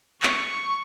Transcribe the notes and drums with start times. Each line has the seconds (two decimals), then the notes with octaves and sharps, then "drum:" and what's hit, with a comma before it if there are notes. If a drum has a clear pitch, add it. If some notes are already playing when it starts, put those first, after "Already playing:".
0.23 C#6, drum: clap